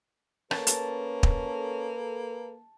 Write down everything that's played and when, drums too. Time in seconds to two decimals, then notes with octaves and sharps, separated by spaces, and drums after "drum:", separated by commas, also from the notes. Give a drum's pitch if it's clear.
0.51 A#3 C#4 A4 B4 A5, drum: rim click
0.67 drum: hi-hat
1.23 drum: kick